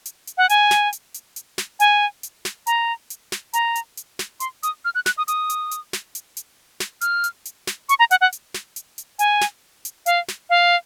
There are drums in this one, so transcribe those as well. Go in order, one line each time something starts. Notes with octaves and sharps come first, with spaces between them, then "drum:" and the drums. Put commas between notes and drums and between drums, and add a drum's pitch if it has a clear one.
drum: hi-hat
drum: hi-hat
F#5
G#5, drum: hi-hat
drum: snare
drum: hi-hat
drum: hi-hat
drum: hi-hat
drum: snare
G#5, drum: hi-hat
drum: hi-hat
drum: snare
A#5, drum: hi-hat
drum: hi-hat
drum: snare
A#5, drum: hi-hat
drum: hi-hat
drum: hi-hat
drum: snare
C6, drum: hi-hat
D#6, drum: hi-hat
F6
F#6
F#6, drum: snare
D#6
D#6, drum: hi-hat
drum: hi-hat
drum: hi-hat
drum: snare
drum: hi-hat
drum: hi-hat
drum: snare
F6, drum: hi-hat
drum: hi-hat
drum: hi-hat
drum: snare
C#6, drum: hi-hat
A#5
F#5, drum: hi-hat
F#5
drum: hi-hat
drum: snare
drum: hi-hat
drum: hi-hat
G#5, drum: hi-hat
drum: snare
drum: hi-hat
F5, drum: hi-hat
drum: snare
F5